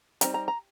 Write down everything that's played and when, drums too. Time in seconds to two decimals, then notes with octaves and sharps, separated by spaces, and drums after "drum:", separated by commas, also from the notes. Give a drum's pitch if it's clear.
0.21 E3 G3 C4 D#4 A#5, drum: hi-hat
0.34 A#5
0.48 A#5